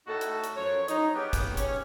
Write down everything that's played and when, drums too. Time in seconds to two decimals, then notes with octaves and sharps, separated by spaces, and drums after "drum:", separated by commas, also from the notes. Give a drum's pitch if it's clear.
0.07 A2 D#4 F#4 A4
0.21 drum: hi-hat
0.44 drum: hi-hat
0.57 F#2 F3 C#5
0.88 D#4, drum: hi-hat
1.15 B3 C#4 G4 G#4 C#5
1.33 drum: kick, hi-hat
1.57 C#4 C#5, drum: hi-hat